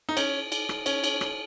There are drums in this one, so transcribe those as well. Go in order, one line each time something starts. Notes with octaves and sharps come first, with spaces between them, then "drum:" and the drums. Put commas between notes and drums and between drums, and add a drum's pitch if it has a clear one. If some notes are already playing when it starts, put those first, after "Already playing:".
D#4
C#4, drum: cymbal
drum: cymbal
drum: rim click
C#4, drum: cymbal
drum: cymbal
drum: rim click